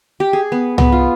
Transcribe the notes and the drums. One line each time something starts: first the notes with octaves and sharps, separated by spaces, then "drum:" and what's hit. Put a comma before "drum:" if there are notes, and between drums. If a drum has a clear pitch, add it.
G4
G#4
B3
B3, drum: tom C2
F4